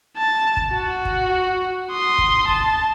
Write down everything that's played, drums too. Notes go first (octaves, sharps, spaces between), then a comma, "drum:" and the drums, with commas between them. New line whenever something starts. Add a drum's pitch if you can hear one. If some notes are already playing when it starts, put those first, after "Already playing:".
A5
drum: kick
F#4
drum: kick
C6 D#6
drum: kick
A5, drum: kick